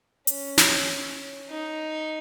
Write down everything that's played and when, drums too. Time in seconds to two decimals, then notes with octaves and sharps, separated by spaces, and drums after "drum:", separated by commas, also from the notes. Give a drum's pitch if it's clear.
0.27 C#4, drum: hi-hat
0.58 drum: snare
1.49 D#4